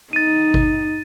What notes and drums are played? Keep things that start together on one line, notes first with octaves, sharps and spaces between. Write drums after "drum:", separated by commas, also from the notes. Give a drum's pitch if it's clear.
D#4 A6 D#7
drum: kick G#1